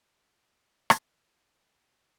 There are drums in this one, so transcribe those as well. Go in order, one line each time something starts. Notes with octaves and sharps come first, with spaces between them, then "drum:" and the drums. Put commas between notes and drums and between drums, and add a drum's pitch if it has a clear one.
F#3 G#3 E4 F#4 G5
drum: rim click